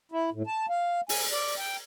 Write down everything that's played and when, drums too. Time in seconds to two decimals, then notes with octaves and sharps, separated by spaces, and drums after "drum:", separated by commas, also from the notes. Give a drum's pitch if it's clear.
0.12 E4
0.33 A2
0.47 A5
0.69 F5
1.09 G#5, drum: open hi-hat
1.32 D5
1.58 G5